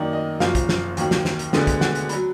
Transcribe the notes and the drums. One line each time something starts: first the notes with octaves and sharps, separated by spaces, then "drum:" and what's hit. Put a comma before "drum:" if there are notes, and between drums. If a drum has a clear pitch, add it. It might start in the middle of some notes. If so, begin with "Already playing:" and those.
Already playing: F#2 D#3 A#3 D#4 D5
D#5
F#1 F#2 F3 F5, drum: snare
drum: kick, hi-hat
drum: snare
D#2 D#3 F#3, drum: hi-hat
drum: snare
drum: snare
drum: hi-hat
D2 D3 G#3 B3, drum: snare
drum: kick, hi-hat
F#5, drum: snare
drum: hi-hat
F#3 B5, drum: hi-hat